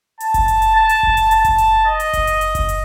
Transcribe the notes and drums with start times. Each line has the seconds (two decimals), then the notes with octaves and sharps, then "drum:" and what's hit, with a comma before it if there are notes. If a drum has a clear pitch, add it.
0.20 A5, drum: hi-hat
0.34 drum: kick F#1, hi-hat
0.48 drum: hi-hat
0.62 drum: hi-hat
0.75 A5
0.89 drum: hi-hat
1.03 drum: kick F#1
1.17 drum: hi-hat
1.31 A5, drum: hi-hat
1.45 drum: kick F#1, hi-hat
1.58 drum: hi-hat
1.86 D#5
2.00 drum: hi-hat
2.13 drum: kick F#1, hi-hat
2.27 drum: hi-hat
2.41 drum: hi-hat
2.55 drum: kick F#1, hi-hat
2.69 drum: hi-hat